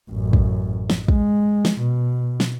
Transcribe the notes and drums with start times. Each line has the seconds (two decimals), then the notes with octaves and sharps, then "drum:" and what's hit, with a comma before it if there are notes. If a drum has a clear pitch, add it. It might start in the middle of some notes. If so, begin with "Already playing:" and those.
0.11 A1 F#2
0.33 drum: kick
0.90 drum: snare
1.08 G#3, drum: kick
1.65 drum: snare
1.80 B2
2.40 drum: snare